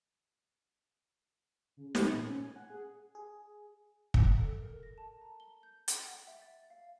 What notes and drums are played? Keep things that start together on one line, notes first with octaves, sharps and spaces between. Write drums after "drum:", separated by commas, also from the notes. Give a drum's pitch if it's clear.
C#3
C#7, drum: snare
A#2
C#4
G#5
F#5
G#4
G#4
drum: kick
A4
A#4
A#6
A5
A#5
G7
G6
G5, drum: hi-hat
F#5
E5
A6
F5